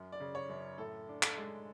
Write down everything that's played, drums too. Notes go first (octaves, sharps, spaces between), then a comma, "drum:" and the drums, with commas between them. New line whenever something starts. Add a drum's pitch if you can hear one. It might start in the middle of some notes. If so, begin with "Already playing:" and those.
Already playing: F#2
D5
C#3
C#5
F#2
A2 A4
D4
A4, drum: clap
G#3